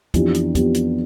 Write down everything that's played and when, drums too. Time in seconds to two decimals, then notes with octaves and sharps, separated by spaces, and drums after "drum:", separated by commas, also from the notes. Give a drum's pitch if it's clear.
0.14 F2 E3 B3 D4 G4, drum: kick, hi-hat
0.34 drum: hi-hat
0.55 F2 E3 B3 D4 G4, drum: kick, hi-hat
0.74 drum: hi-hat